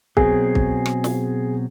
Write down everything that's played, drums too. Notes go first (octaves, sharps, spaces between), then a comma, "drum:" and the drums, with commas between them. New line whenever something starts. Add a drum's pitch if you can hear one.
B2 F#3 C4 G#4, drum: kick
drum: kick
drum: rim click
drum: snare